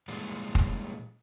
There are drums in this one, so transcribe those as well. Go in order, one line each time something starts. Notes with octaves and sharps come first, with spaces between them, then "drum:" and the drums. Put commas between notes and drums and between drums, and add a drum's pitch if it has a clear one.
A#2 E3 G3 G#3
drum: kick